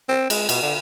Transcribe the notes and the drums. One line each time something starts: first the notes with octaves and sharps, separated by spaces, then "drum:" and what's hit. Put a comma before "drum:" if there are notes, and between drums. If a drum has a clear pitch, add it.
C4
G#3, drum: cymbal
B2, drum: cymbal
D3